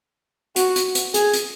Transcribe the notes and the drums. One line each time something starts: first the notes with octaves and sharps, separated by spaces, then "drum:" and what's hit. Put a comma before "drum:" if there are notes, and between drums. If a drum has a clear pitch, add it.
F#4, drum: hi-hat
drum: hi-hat
drum: hi-hat
G#4, drum: hi-hat
drum: hi-hat